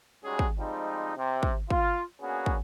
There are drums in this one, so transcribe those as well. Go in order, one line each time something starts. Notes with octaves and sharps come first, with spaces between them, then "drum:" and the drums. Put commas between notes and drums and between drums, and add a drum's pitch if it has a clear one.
G3 G#3 C#4 D#4 F#4 G#4
drum: kick
F3 G3 G#3 C4 D#4
C3
drum: kick
F4, drum: kick
A#3 B3 C#4 D4 F#4 G#4
drum: kick